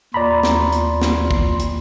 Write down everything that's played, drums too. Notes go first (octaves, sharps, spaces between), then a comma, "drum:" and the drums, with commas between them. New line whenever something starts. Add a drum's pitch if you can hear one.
D#2 F4 D5 A#5 B5
drum: snare
drum: hi-hat
drum: snare
drum: kick
drum: hi-hat